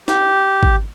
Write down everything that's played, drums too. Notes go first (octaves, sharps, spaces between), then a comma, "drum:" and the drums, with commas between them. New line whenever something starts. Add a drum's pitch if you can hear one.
G4, drum: snare
drum: kick